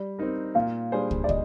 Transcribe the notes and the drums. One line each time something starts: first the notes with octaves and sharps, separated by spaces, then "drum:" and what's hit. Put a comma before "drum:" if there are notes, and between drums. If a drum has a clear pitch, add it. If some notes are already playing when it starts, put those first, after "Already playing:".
Already playing: G3 D5
C4 D#4 A#4
A#2 F5
G3 D4 G#4 C5
drum: kick
D5
D#5, drum: kick